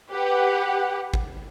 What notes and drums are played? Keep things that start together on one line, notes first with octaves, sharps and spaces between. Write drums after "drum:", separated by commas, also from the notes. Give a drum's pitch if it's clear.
G4 B4 F#5
drum: kick G#1